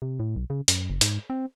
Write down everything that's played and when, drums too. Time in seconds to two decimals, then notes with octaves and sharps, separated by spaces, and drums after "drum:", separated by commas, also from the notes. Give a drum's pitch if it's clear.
0.02 C3
0.19 A2
0.36 B1
0.50 C#3
0.68 F#2, drum: hi-hat
0.90 F#1
1.01 G#2, drum: hi-hat
1.30 C4